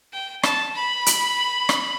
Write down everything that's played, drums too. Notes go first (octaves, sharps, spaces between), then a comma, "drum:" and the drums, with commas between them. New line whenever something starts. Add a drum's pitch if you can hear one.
G5
A5, drum: rim click
B5
drum: hi-hat
drum: rim click